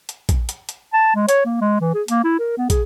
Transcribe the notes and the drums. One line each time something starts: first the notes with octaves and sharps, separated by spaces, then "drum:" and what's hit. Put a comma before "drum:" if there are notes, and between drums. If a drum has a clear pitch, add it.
drum: hi-hat
drum: kick, hi-hat
drum: hi-hat
drum: hi-hat
A5
G#3
C#5, drum: hi-hat
A#3
G#3
E3
G#4
A#3, drum: hi-hat
E4
A#4
B3
G#4, drum: kick, hi-hat